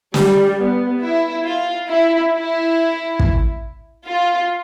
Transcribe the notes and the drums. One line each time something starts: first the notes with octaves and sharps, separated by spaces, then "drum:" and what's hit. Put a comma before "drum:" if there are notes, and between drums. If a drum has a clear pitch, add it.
G3, drum: snare
B3
E4
F4
E4
E4
drum: kick
F4